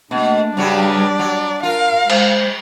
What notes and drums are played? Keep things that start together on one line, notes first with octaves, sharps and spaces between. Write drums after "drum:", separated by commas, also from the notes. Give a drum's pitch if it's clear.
B2 A3 A#3 D4
G2 C#3 F#3 G3 G4 D5
F#3
F4 A#4 F5
G#3 C5, drum: cymbal